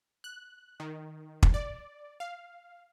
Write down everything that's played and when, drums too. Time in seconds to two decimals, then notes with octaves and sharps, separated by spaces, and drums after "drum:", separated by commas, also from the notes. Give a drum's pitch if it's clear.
0.24 F#6
0.80 D#3
1.43 drum: kick
1.54 D5
2.20 F5